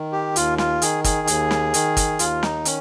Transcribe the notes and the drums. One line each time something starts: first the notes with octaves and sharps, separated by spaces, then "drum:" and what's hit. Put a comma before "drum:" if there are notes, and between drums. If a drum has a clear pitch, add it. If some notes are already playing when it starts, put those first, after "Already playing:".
Already playing: D#3
G4
D#2 F4, drum: hi-hat
F4, drum: snare
D#3 G#4, drum: hi-hat
G#4, drum: kick, hi-hat
D#2, drum: hi-hat
drum: snare
D#3, drum: hi-hat
drum: kick, hi-hat
D#2 F4, drum: hi-hat
D#4, drum: snare
D#3 C#4, drum: hi-hat